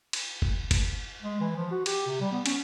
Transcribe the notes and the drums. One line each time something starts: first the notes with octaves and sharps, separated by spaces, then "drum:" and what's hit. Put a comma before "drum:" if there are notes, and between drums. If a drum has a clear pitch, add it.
drum: cymbal
drum: kick F#1
drum: kick F#1, cymbal
G#3
E3
F3
F#4
G4, drum: cymbal
C3
G3
B3
C#4, drum: cymbal